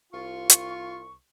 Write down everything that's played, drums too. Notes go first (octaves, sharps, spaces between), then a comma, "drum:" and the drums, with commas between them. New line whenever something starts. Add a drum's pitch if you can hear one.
C2 F4 C#6
drum: hi-hat